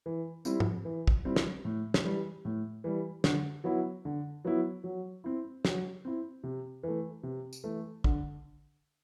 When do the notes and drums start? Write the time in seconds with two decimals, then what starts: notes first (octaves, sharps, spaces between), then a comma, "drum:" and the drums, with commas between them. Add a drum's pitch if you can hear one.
0.06 E3
0.45 G3 C4 E4, drum: tambourine
0.60 drum: tom
0.85 E3
1.07 drum: kick
1.25 G3 C4 E4
1.36 drum: snare
1.65 A2
1.94 drum: snare
2.05 E3 G3
2.45 A2
2.84 E3 G3
3.24 D3, drum: snare
3.64 F#3 B3 E4
4.05 D3
4.45 F#3 B3 E4
4.84 F#3
5.24 C4 E4
5.65 F#3, drum: snare
6.05 C4 E4
6.43 C3
6.83 E3 A3
7.23 C3
7.53 drum: tambourine
7.64 E3 A3
8.04 D3, drum: kick